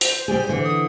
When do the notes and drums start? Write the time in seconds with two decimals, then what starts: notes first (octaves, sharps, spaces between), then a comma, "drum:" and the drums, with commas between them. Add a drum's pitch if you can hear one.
0.01 C5, drum: hi-hat
0.28 G3 G4 G#4
0.49 D3 E3
0.64 D#6